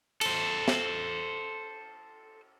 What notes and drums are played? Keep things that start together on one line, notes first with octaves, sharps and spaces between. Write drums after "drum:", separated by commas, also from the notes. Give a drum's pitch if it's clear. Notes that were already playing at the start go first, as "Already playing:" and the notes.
A4 C5, drum: cymbal
drum: snare